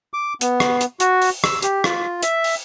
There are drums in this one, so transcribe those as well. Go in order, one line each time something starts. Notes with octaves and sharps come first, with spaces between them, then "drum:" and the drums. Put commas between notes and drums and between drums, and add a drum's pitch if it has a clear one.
D6
B3, drum: hi-hat
drum: rim click
drum: hi-hat
F#4, drum: hi-hat
drum: open hi-hat
E6, drum: rim click
G4, drum: hi-hat
F4, drum: rim click
E5, drum: hi-hat
drum: open hi-hat